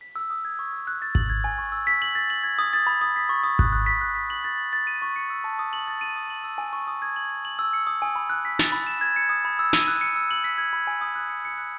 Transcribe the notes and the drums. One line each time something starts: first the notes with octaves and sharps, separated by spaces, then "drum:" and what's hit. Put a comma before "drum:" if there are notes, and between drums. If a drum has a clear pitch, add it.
B6
E6
D#6
G#6
C#6
E6
F#6
A6
F#7, drum: kick G#1
G#6
G#5
C#6
E6
B6
F#7
A6
F#7
G#6
D#6
A6
B5
D#6
B6
C#6
D#6
F#6, drum: kick G#1
F#6
B6
F#6
B6
F#7
A6
F#7
A6
D#7
C#6
C#7
E6
A5
D#6
F#7
A6
D#7
D#6
F#7
E6
G#5
C#6
D#6
G#6
F#7
G#6
F#7
E6
C#7
D#6
G#5
B5
F#6
B6
A6, drum: snare
B5
E7
G#6
C#7
D#6
B5
E6
D#7, drum: snare
F#6
C#7
E6
F#7
B6, drum: hi-hat
G#6
B5
G#5
D#6
F#6
C#7
C#7
F#6